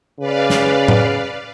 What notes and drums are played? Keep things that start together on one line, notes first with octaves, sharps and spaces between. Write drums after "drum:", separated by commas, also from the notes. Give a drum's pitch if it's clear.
C#3 B4 D5 F5
drum: snare
drum: tom A2